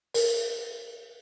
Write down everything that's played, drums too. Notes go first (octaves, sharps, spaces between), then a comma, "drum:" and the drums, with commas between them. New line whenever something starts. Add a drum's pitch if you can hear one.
A#4, drum: open hi-hat